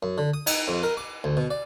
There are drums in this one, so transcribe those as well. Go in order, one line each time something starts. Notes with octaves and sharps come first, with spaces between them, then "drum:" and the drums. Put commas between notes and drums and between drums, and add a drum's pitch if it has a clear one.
F#2
D3
D#6
D#4, drum: cymbal
F2
A#4
D6
D2
B2
D5